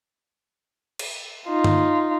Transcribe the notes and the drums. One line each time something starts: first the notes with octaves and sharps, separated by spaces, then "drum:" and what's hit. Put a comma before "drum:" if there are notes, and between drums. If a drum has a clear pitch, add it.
drum: cymbal
D#4 F4
drum: tom